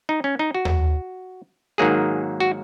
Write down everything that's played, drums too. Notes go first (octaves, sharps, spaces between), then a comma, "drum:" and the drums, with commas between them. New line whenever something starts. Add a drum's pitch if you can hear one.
D#4
C#4
D#4
F#4
drum: tom D#2
G#2 D#3 F#3 A#3 G#4
F#4